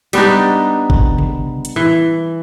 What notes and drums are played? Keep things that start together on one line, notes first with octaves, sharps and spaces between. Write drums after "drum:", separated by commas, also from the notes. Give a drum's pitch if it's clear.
G3 B3 D4 D#4, drum: cymbal
drum: kick G1
drum: tom C3
drum: hi-hat
E3